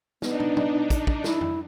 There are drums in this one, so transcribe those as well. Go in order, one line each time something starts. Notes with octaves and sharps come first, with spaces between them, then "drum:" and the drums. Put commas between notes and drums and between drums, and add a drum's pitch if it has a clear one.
B3 D4 D#4, drum: snare
drum: tom
drum: tom
drum: kick, hi-hat
drum: kick
E4, drum: snare
drum: tom F2